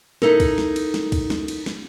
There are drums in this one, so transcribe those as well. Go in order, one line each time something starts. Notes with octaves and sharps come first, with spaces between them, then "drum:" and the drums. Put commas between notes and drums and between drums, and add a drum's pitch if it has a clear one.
D#4 E4 A4 A#4, drum: snare
drum: kick, cymbal
drum: snare
drum: cymbal
drum: snare
drum: kick, cymbal
drum: snare
drum: cymbal
drum: snare